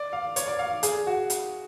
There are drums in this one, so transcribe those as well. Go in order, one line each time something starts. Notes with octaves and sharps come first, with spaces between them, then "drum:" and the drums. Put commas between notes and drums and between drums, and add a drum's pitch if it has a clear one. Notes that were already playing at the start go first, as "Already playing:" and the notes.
Already playing: D5
F5
C#5, drum: hi-hat
D5
F5
G#4, drum: hi-hat
F#4
drum: hi-hat